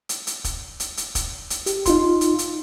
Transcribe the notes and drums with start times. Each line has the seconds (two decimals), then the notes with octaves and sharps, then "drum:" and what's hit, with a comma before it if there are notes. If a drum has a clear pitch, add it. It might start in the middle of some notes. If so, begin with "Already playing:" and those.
0.09 drum: hi-hat
0.27 drum: hi-hat
0.44 drum: kick, hi-hat
0.80 drum: hi-hat
0.97 drum: hi-hat
1.15 drum: kick, hi-hat
1.50 drum: hi-hat
1.66 G4, drum: hi-hat
1.86 D#4 F4 C6, drum: kick, hi-hat
2.21 drum: hi-hat
2.39 drum: hi-hat